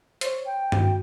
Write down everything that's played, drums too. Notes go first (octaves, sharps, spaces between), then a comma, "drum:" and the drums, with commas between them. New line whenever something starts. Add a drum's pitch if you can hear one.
C5 C#5, drum: hi-hat
G5
F#4, drum: tom G2